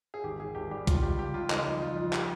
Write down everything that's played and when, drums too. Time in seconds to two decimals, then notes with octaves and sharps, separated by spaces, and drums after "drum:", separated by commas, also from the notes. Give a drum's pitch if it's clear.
0.14 G#4
0.24 G#1 G4
0.39 G#1 G#4
0.55 G#1 G4
0.71 G3 G4
0.87 C#2 F4, drum: kick B1, hi-hat
1.03 C#2 G4
1.19 C#2 G4
1.34 C#2 F4
1.50 G3 D#4, drum: clap
1.65 F2
1.81 F2 F4
1.97 F2
2.13 G4, drum: clap